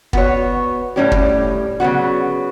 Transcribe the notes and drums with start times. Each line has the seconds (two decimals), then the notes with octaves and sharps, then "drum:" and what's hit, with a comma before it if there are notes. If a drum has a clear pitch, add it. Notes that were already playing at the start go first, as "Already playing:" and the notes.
0.13 B3 F#4 C#5, drum: kick
0.96 A2 G3 C#4 G4
1.12 drum: kick
1.80 C#3 F#3 B3 F#4